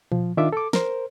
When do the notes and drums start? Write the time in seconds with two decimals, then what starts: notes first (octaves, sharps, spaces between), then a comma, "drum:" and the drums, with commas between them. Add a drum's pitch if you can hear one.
0.12 F3, drum: tom A#2
0.37 D#3 D4 F4 E5 D6
0.53 A4 D6
0.73 A#4 C5, drum: snare